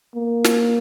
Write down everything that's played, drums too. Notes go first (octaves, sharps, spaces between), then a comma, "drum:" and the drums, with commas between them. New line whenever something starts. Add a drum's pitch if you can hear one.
A#3
drum: snare